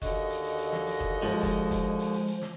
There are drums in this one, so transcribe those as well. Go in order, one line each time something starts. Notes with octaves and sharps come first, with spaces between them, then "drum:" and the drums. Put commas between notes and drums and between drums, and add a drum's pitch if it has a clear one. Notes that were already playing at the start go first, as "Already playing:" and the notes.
D#2 D3 F#4 D#5, drum: kick F#1, hi-hat
drum: open hi-hat
drum: hi-hat
drum: hi-hat
drum: hi-hat
drum: snare
drum: hi-hat
drum: kick F#1, open hi-hat
F3 G#3
drum: kick F#1, hi-hat
drum: open hi-hat
drum: kick F#1, hi-hat
drum: open hi-hat
drum: hi-hat
drum: hi-hat
drum: hi-hat
drum: snare